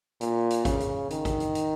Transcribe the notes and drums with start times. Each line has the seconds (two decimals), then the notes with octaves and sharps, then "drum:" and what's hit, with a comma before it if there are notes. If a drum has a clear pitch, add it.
0.21 A#2, drum: hi-hat
0.50 drum: hi-hat
0.65 C#3, drum: kick G#1, hi-hat
0.80 drum: hi-hat
1.10 D#3, drum: hi-hat
1.25 drum: kick G#1, hi-hat
1.40 drum: hi-hat
1.55 drum: hi-hat